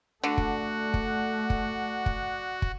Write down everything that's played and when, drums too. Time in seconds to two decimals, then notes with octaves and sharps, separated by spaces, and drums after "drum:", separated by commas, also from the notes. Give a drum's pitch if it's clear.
0.24 D3 A3 F#4 D5 F#5
0.38 drum: kick
0.94 drum: kick
1.50 drum: kick
2.06 drum: kick
2.62 drum: kick